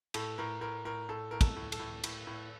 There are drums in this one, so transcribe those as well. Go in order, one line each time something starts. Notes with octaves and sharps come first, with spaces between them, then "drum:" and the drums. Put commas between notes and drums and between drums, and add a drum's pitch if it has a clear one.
A2 A4, drum: cymbal
A2 A#4
A2 A#4
A2 A#4
A2 A4
A2 A#4
A4, drum: kick, cymbal
A2
A4, drum: cymbal
A2
A2, drum: cymbal
A2